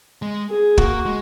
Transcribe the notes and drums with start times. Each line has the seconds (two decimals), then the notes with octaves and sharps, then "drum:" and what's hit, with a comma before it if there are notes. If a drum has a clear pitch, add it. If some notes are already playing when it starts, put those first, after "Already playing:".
0.22 G#3
0.50 G#4
0.78 A#3 F#4, drum: kick
1.06 G#3